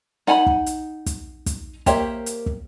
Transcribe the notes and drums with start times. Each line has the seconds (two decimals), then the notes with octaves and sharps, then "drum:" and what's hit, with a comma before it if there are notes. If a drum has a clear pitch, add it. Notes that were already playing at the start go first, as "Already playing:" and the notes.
0.27 D#4 F#5 G#5 A#5 B5, drum: snare
0.46 drum: kick
0.66 drum: hi-hat
1.06 drum: kick, hi-hat
1.46 drum: kick, hi-hat
1.86 A#3 G4 C5 C#5 E5, drum: kick, hi-hat
2.26 drum: hi-hat
2.46 drum: kick